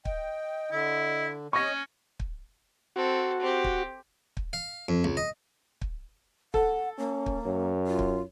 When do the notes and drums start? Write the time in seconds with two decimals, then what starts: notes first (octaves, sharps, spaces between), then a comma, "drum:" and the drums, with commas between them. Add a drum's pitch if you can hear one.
0.05 D#5 G5, drum: kick
0.71 D3 E4
1.53 C#4 C#5 D#5 C#6 A#6
2.20 drum: kick
2.96 C4 F#4 A4
3.41 C4 G4
3.64 drum: kick
4.37 drum: kick
4.53 F5
4.89 F2
5.04 C#2
5.17 D#5
5.81 drum: kick
6.54 A4 F#5, drum: kick
6.98 A#3 C#4
7.26 drum: kick
7.46 F#2 C#5
7.87 F4
7.99 drum: kick